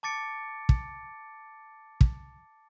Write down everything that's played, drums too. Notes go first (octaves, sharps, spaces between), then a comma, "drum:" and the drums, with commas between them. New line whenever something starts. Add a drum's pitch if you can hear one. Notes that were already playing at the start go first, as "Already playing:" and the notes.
A5 D6 A6 C#7 D7
drum: kick
drum: kick